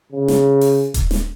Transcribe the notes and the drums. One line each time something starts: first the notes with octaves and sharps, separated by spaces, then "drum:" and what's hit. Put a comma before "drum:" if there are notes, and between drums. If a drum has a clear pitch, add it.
C#3
drum: snare
drum: open hi-hat
drum: kick D#1, hi-hat
drum: snare